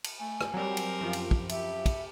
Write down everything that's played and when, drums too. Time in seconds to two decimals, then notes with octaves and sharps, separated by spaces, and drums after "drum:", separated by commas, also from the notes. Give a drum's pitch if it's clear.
0.04 drum: cymbal
0.19 A3 G#5
0.41 drum: rim click
0.54 F#3 G3 C4 G4 A#4
0.77 drum: cymbal
1.01 F#2 F3 F4
1.13 drum: cymbal
1.31 drum: kick
1.49 G4 E5, drum: cymbal
1.86 drum: kick, cymbal